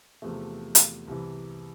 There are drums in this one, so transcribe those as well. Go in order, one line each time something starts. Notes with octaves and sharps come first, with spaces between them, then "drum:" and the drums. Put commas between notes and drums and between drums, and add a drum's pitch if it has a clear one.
E2 C3 F3 A3
drum: hi-hat
C2 C3 E3